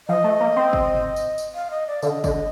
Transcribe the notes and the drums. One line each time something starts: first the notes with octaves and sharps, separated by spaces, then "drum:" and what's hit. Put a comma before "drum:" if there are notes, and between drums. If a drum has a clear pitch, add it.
F3 D#5
A3
A#3
C4
drum: kick
drum: tom G2
drum: tambourine
drum: tambourine
F5
D#5
D5
D3 F5, drum: tambourine
D#5
D3, drum: kick, tambourine